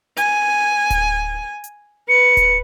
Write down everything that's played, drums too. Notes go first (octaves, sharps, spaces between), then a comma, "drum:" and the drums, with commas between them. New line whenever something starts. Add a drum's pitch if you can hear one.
G#5, drum: hi-hat
drum: kick D1, hi-hat
drum: hi-hat
B4 C#7
drum: kick D1, hi-hat